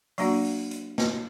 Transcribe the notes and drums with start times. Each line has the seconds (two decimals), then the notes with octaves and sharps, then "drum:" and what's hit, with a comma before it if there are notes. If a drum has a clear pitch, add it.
0.18 F#3 A#3 D4 F#4 F#5, drum: open hi-hat
0.45 drum: open hi-hat
0.71 drum: hi-hat
0.98 drum: snare